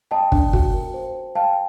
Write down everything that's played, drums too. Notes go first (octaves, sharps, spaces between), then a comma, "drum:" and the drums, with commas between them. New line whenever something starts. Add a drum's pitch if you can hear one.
D#5 G5 A5
D4, drum: kick
F#4, drum: kick
A#4
C5
C5
F5 G5 A5